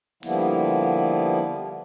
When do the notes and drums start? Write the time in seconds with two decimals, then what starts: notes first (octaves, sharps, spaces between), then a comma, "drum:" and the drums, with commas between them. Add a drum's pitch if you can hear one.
0.23 D3 F3 G3 A#3 B3 E4, drum: open hi-hat